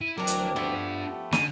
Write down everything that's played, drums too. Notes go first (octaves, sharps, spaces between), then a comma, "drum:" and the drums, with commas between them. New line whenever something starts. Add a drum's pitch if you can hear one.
E4 D#7
D2 E3 F#3 C4 D4 A#4 D6
drum: hi-hat
F3 A3 B3 D4 G4
G4
D3 C#4 D#4 D#7, drum: snare